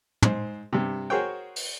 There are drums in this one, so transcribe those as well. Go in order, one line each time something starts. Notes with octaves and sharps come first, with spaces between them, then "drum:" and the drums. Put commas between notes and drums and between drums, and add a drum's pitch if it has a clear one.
G#2 C5, drum: tom
G2 C3
F#4 G#4 A#4 C5 C#5 G5
drum: open hi-hat